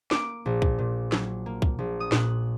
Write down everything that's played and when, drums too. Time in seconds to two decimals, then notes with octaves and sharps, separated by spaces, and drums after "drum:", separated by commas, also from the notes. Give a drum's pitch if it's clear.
0.11 A#3 D6, drum: snare
0.46 A#1
0.62 drum: kick
0.78 A#2
1.12 F#3, drum: snare
1.46 A#3
1.62 drum: kick
1.79 A#1
2.00 D#6
2.12 A#2 F#6, drum: snare